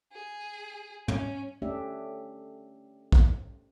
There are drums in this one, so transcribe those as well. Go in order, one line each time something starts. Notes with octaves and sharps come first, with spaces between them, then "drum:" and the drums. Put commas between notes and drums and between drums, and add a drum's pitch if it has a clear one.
G#4
C#4, drum: tom
A3 C#4 D4 G4 E5
drum: kick